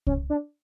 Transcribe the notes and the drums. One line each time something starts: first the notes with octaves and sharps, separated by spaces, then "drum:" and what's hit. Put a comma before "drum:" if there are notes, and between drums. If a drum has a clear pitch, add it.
C#4, drum: kick C2
D4